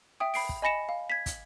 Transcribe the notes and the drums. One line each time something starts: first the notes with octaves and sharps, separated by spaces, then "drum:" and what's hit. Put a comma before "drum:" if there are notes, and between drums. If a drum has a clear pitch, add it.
E5 G5 D#6
B5 C7 D7, drum: open hi-hat
drum: kick
D#5 G#5 B5 A#6 C#7 E7
F5
G#6 B6
drum: kick, hi-hat